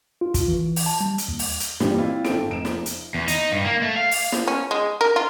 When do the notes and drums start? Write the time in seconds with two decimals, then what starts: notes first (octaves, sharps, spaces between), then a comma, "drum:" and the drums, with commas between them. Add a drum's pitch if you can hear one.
0.21 F4
0.34 drum: kick, hi-hat
0.48 E3
0.76 drum: open hi-hat
0.86 A5
1.01 G3
1.18 drum: hi-hat
1.28 D#2
1.39 drum: open hi-hat
1.60 drum: hi-hat
1.80 G2 A#2 E3 G3, drum: snare
1.98 C4 E4 F4
2.25 G#1 C4 A4 D7, drum: snare
2.49 F1 D7 E7
2.65 drum: snare
2.86 drum: hi-hat
3.14 E2
3.28 D#4, drum: hi-hat
3.52 G2
3.65 A#3
3.82 A3
3.96 F5
4.11 drum: open hi-hat
4.32 drum: snare
4.48 C#4
4.71 G#3
5.01 A#4
5.16 F4